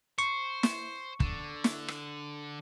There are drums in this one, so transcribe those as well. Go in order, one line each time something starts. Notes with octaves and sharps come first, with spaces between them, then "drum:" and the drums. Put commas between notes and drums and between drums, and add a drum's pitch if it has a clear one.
C5 C#6
drum: snare
D3, drum: kick
drum: snare
drum: rim click